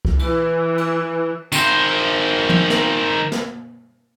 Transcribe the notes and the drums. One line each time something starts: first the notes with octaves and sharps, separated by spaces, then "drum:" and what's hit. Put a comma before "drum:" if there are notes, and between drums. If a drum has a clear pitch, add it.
drum: kick C2
E3, drum: cymbal
drum: cymbal
D#3 C5, drum: tambourine
drum: tom
drum: snare
drum: snare